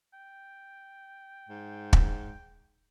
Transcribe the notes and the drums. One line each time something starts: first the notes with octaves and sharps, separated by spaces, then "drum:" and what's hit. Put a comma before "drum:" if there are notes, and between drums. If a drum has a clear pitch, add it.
G5
G#2
drum: kick